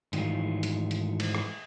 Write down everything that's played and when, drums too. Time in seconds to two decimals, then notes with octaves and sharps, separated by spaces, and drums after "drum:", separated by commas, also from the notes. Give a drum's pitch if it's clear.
0.13 G#2 D#3 E3 F#3 A3 F4, drum: hi-hat
0.63 drum: hi-hat
0.91 drum: hi-hat
1.20 drum: cymbal
1.35 drum: rim click